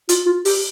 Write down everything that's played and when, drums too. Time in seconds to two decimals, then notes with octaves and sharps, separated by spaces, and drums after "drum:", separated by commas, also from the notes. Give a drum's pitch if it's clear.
0.09 F4, drum: hi-hat
0.26 F4
0.45 G4, drum: open hi-hat